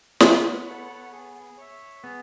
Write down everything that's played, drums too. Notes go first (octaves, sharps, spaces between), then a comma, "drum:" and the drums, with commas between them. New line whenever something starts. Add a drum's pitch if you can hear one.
B3 F#4, drum: snare
A4 C#5 F#5
G#4
C#5 E5
B3 G#4